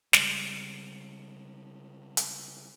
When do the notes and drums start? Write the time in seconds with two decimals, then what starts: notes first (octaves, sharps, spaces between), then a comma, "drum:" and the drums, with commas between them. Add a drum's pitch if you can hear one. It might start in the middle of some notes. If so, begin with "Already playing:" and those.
0.13 C#3 G3 G#3, drum: snare
2.17 drum: hi-hat